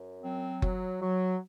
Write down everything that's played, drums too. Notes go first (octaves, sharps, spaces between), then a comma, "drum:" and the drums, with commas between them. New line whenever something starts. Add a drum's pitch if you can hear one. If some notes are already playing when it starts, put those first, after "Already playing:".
Already playing: F#2
F#3 C4
F#3, drum: kick F#1
F#3